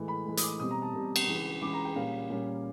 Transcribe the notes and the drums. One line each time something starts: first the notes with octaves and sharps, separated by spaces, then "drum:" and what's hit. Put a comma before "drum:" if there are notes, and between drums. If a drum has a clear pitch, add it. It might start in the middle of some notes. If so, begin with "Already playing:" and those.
Already playing: A2 E3 G#3
B5
A2 E3 G#3
D#6, drum: hi-hat
D6
B2 G3 C4 D#6
A#5
A5
B2 G3 C4
drum: cymbal
C#2 C#3 E3
C#2 C#3 E3 D6
A#5
G5
A#2 G3 A#3 C#4 F5
A#2 G3 A#3 C#4